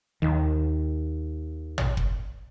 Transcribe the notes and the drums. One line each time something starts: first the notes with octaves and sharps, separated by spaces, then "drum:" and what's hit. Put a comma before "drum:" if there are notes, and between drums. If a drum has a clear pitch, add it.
D#2 D#3
drum: tom
drum: kick F#1